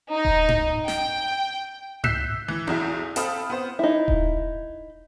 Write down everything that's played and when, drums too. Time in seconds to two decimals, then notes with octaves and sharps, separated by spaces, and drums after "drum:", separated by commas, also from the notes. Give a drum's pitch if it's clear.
0.11 D#4
0.25 drum: kick D#1
0.49 drum: tom G#2
0.88 G5, drum: snare
2.04 E6 F#6 G6 B6 C7 E7, drum: tom G#2
2.48 E3
2.67 B1 E2 E4 G6, drum: tom B3
3.16 C4 A4 F5 B5 D#6 F6, drum: hi-hat
3.50 B3 C5
3.79 D#4 E4
4.08 drum: kick D#1